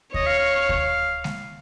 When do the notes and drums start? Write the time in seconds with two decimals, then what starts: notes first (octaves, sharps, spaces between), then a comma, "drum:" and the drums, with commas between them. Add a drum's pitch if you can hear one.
0.14 C#5 D#5, drum: kick D2
0.26 F5
0.39 F5
0.69 drum: kick D2
1.24 drum: snare G#3